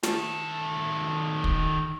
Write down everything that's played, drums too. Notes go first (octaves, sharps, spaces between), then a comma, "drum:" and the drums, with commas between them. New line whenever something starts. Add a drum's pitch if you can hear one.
D#3 A4, drum: snare
drum: kick